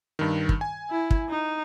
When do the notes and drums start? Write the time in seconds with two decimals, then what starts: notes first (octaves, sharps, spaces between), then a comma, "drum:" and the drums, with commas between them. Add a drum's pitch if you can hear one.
0.19 G2 D#3
0.49 drum: kick
0.61 G#5
0.90 E4
1.11 drum: kick
1.30 D#4